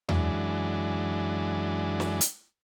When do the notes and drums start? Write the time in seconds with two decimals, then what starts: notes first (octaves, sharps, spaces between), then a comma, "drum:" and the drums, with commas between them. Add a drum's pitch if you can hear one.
0.09 F#2 E3 G#3 D4, drum: tom E2
2.00 drum: snare
2.21 drum: hi-hat